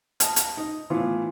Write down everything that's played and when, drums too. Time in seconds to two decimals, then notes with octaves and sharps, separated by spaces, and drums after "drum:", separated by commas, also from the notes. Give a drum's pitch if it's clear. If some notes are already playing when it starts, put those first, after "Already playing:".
0.20 D#5 A5 F6, drum: hi-hat
0.36 drum: hi-hat
0.57 D#4
0.90 A2 E3 B3 F4